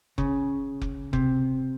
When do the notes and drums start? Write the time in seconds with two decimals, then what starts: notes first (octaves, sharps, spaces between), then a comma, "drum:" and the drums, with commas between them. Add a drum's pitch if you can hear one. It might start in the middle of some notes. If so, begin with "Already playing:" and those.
0.18 C#3, drum: kick F1
0.81 drum: kick F1
1.13 C3, drum: kick F1